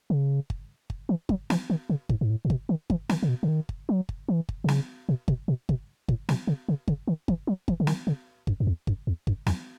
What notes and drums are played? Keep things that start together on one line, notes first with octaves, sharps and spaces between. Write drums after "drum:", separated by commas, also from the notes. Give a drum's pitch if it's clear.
C#3
drum: kick G1
drum: kick G1
E3
F#3, drum: kick G1
E3, drum: snare
D#3
C#3
G#2, drum: kick G1
G#2
A2
A2
B2, drum: kick G1
D#3
E3, drum: kick G1
D#3, drum: snare
C#3
B2
C#3
D#3
drum: kick G1
F#3
drum: kick G1
E3
drum: kick G1
B2
C#3, drum: snare
B2
B2, drum: kick G1
B2
B2, drum: kick G1
A2, drum: kick G1
B2, drum: snare
C#3
C#3
C#3, drum: kick G1
D#3
E3, drum: kick G1
F#3
E3, drum: kick G1
C#3
D#3, drum: snare
C#3
F#2, drum: kick G1
F#2
E2
F#2, drum: kick G1
E2
F#2, drum: kick G1
E2, drum: snare